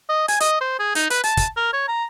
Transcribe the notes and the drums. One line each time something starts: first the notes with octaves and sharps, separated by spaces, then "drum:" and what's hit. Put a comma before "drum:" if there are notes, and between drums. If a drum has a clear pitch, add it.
D#5
G#5, drum: hi-hat
D#5, drum: hi-hat
C5
G#4
D#4, drum: hi-hat
B4, drum: hi-hat
A5, drum: hi-hat
drum: kick, hi-hat
A#4
C#5
A#5